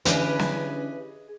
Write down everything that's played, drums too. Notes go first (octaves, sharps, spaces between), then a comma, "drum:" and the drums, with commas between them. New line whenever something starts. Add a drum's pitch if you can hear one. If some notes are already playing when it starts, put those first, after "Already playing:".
D3 E3 C#4 D4 G4 G#4 B4 D#5, drum: hi-hat
drum: snare